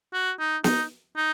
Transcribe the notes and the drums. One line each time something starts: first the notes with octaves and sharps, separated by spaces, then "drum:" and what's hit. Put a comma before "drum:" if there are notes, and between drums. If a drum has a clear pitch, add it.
F#4
D#4
D#4, drum: snare
D#4